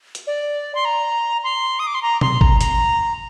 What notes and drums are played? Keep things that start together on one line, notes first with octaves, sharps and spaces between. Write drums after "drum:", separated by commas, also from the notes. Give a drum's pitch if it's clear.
drum: hi-hat
D5
C6
A#5
C6
D#6
D6
C6
A#5
C6, drum: tom A#2
A#5, drum: kick
A#5, drum: hi-hat